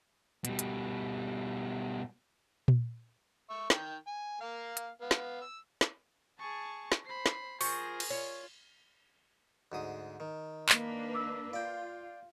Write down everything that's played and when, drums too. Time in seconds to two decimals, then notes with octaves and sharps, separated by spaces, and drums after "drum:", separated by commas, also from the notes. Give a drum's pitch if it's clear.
0.45 B2 G3, drum: hi-hat
0.59 drum: hi-hat
2.68 drum: tom A#2
3.50 E5 C#6
3.70 D#3 G5, drum: snare
4.07 G#5
4.41 A#3 F5
4.77 drum: hi-hat
5.02 B3 F5
5.11 drum: snare
5.41 E6
5.81 drum: snare
6.39 G#4 A5 C#6 A6
6.92 drum: snare
7.05 C5 B5 C7
7.26 drum: snare
7.61 F3 G#4 A#4 C5 C#6 A#6, drum: open hi-hat
8.00 drum: cymbal
8.10 F4 C#5
9.72 D2 G#2 D#6
10.20 D#3
10.69 A#3 D4 B4, drum: clap
11.14 D6 E6
11.53 F4 D5 F5 G5